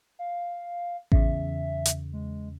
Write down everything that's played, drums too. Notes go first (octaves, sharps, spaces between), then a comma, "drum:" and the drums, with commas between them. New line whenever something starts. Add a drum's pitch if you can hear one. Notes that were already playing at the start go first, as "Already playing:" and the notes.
F5
E2 C#3 E5, drum: kick A1
drum: hi-hat
G#3